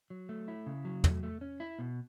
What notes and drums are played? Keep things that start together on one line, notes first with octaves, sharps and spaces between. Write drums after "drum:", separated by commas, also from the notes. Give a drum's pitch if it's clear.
F#3
A3
E4
C#3
F#3
A3, drum: tom
A3
C#4
E4
B2